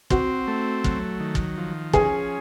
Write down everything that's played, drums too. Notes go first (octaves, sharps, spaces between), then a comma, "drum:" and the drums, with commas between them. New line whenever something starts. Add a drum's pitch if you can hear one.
C4 F#4, drum: kick
A3
F#3, drum: kick
D#3
drum: kick
F3
C#4 G#4, drum: kick